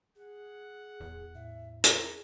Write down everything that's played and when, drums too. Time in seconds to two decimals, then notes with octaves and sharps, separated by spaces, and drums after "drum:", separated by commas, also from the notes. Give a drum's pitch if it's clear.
0.16 G#4 F#5
1.00 D1 E2 G#4
1.35 A2 E5
1.84 G#4 A#5, drum: hi-hat